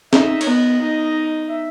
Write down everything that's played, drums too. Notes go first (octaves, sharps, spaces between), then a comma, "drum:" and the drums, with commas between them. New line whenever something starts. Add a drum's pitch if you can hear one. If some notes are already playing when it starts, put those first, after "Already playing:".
D#4 E5, drum: snare
C#5, drum: cymbal
B3 D#5
D#4
E5